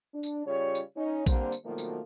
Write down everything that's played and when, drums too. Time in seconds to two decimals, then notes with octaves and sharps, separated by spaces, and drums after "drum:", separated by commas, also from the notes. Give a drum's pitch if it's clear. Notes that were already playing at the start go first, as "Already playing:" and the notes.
0.13 D4
0.23 drum: tambourine
0.45 C#3 G3 F4 C#5
0.75 drum: tambourine
0.95 C#4 D#4
1.26 D3 G3 A#3 C4 C5, drum: kick A#1, tambourine
1.52 drum: tambourine
1.65 B2 D#3 F3 F#3 A3 A#3
1.78 drum: tambourine